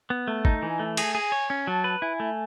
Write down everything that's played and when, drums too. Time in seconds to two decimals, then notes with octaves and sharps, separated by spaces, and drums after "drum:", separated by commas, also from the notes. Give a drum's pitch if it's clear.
0.10 B3
0.28 A3 A5
0.45 D#4, drum: kick
0.62 E3 G#5
0.79 A3
0.97 G#4 G#5, drum: cymbal
1.15 G#4
1.32 C#5
1.50 C#4
1.67 F#3 A5
1.84 B4
2.02 E4 G#5
2.20 A3